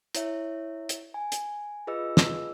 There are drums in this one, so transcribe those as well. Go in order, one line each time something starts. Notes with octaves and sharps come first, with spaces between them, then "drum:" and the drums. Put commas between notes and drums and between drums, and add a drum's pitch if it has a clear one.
E4 C#5 E5, drum: hi-hat
drum: hi-hat
G#5
drum: hi-hat
F4 G#4 B4 D#5 E6
drum: snare